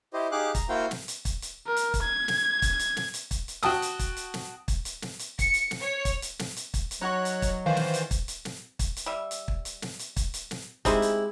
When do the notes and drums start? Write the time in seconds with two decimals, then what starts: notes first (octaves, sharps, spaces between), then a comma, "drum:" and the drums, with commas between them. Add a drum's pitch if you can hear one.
0.13 E4 G4 C5 D#5
0.32 D#4 G4 G#4 F5 D6 F#6
0.55 A#5, drum: kick, hi-hat
0.69 A#3 E4 F#4 C5 F5 G5
0.91 drum: snare
1.08 drum: hi-hat
1.25 drum: kick, hi-hat
1.42 drum: hi-hat
1.67 A#4
1.77 drum: hi-hat
1.94 drum: kick, hi-hat
2.03 G#6
2.28 drum: snare
2.62 drum: kick, hi-hat
2.79 drum: hi-hat
2.97 drum: snare
3.14 drum: hi-hat
3.31 drum: kick, hi-hat
3.48 drum: hi-hat
3.63 F#4 G5 A5 D#6, drum: snare
3.82 drum: hi-hat
3.99 drum: kick, hi-hat
4.17 drum: hi-hat
4.34 drum: snare
4.68 drum: kick, hi-hat
4.85 drum: hi-hat
5.02 drum: snare
5.19 drum: hi-hat
5.39 C#7, drum: kick, hi-hat
5.54 drum: hi-hat
5.71 drum: snare
5.80 C#5
6.05 drum: kick, hi-hat
6.22 drum: hi-hat
6.39 drum: snare
6.57 drum: hi-hat
6.74 drum: kick, hi-hat
6.91 drum: hi-hat
7.01 F#3 D#4 F#4 C#5 C#6 F#6
7.25 drum: hi-hat
7.42 drum: kick, hi-hat
7.66 D#3 E3 C5 F5
7.77 drum: snare
7.94 drum: hi-hat
8.11 drum: kick, hi-hat
8.28 drum: hi-hat
8.45 drum: snare
8.79 drum: kick, hi-hat
8.97 drum: hi-hat
9.06 G3 E5
9.31 drum: hi-hat
9.48 drum: kick
9.65 drum: hi-hat
9.82 drum: snare
9.99 drum: hi-hat
10.16 drum: kick, hi-hat
10.34 drum: hi-hat
10.51 drum: snare
10.85 G#3 C4 D#4 E4 G4, drum: kick, hi-hat
11.02 drum: hi-hat